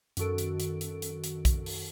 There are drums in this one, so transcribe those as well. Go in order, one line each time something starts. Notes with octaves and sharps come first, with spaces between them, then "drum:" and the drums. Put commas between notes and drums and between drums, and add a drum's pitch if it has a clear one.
F#2 D#3 F#4 A4 D7, drum: hi-hat
drum: hi-hat
drum: hi-hat
drum: hi-hat
drum: hi-hat
drum: hi-hat
drum: kick, hi-hat
drum: open hi-hat